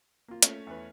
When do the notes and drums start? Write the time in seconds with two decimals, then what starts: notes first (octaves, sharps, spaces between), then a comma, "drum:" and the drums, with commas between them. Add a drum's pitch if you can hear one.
0.28 A#3 F4
0.42 A3 C#4, drum: hi-hat
0.67 E2 B4